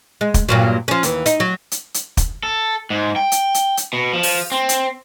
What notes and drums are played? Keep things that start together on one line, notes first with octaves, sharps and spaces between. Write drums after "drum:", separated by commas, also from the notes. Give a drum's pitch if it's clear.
G#3
drum: kick, hi-hat
G2 A#2 F#3
F3 C#4
D#2 E3, drum: hi-hat
D#4, drum: hi-hat
F#3
drum: hi-hat
drum: hi-hat
drum: kick, hi-hat
A4
G#2
G5
drum: hi-hat
drum: hi-hat
drum: hi-hat
B2
F3
drum: open hi-hat
C4
drum: hi-hat